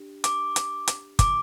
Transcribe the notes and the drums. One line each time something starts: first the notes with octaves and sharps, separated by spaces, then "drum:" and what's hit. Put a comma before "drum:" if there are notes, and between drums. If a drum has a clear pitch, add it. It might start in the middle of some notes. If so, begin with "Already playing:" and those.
Already playing: D4 G4
D6, drum: hi-hat
drum: hi-hat
drum: hi-hat
D6, drum: kick, hi-hat